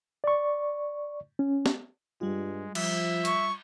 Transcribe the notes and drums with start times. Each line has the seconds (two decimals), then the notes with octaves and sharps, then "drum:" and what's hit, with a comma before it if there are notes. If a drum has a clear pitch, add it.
0.24 D5 C#6
1.39 C#4
1.66 drum: snare
2.21 G2 G3 G#3 F4
2.75 F3 E5, drum: cymbal
3.25 C#6, drum: hi-hat